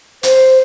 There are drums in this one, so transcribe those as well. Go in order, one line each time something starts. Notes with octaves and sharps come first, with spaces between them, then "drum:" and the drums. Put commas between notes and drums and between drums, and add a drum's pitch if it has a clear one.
C5, drum: hi-hat